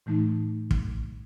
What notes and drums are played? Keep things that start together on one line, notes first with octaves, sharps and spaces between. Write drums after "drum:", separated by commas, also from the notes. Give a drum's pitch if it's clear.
A2 E3 A3 D#4
drum: kick